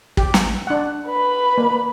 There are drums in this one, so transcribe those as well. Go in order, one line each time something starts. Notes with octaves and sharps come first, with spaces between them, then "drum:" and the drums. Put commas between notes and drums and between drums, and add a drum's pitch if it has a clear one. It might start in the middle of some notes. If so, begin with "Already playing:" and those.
G4, drum: kick
drum: snare
D4 F#5
B4 B5
A#3